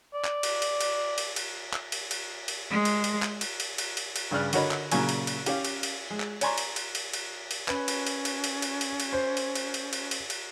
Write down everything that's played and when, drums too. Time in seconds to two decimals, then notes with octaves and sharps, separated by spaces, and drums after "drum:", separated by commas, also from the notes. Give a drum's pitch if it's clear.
0.14 D5
0.25 drum: clap
0.43 drum: cymbal
0.62 drum: cymbal
0.81 drum: cymbal
1.18 drum: cymbal
1.36 drum: cymbal
1.74 drum: clap
1.92 drum: cymbal
2.11 drum: cymbal
2.48 drum: cymbal
2.70 G#3
2.85 drum: cymbal
3.04 drum: cymbal
3.23 drum: clap
3.41 drum: cymbal
3.60 drum: cymbal
3.78 drum: cymbal
3.97 drum: cymbal
4.16 drum: cymbal
4.31 G2 C#3 G#4 D5 F6 F#6
4.53 D3 F#4 A#4 C#5 D#5 B5, drum: cymbal
4.71 drum: clap
4.91 A#2 C#3 F#3 G#5, drum: cymbal
5.09 drum: cymbal
5.27 drum: cymbal
5.46 C#4 G4 F5, drum: cymbal
5.65 drum: cymbal
5.83 drum: cymbal
6.11 G#3
6.20 drum: clap
6.41 C#5 D5 G#5 A#5 C6 C#6, drum: cymbal
6.58 drum: cymbal
6.76 drum: cymbal
6.95 drum: cymbal
7.13 drum: cymbal
7.51 drum: cymbal
7.68 C#4 B4, drum: clap
7.88 drum: cymbal
8.07 drum: cymbal
8.25 drum: cymbal
8.44 drum: cymbal
8.62 drum: cymbal
8.81 drum: cymbal
9.00 drum: cymbal
9.13 C5
9.37 drum: cymbal
9.55 drum: cymbal
9.74 drum: cymbal
9.93 drum: cymbal
10.11 drum: cymbal
10.30 drum: cymbal